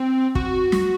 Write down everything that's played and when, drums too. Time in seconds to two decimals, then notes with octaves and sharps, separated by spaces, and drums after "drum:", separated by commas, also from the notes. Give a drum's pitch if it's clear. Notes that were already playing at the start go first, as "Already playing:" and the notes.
Already playing: C4
0.35 F#4, drum: kick
0.72 drum: snare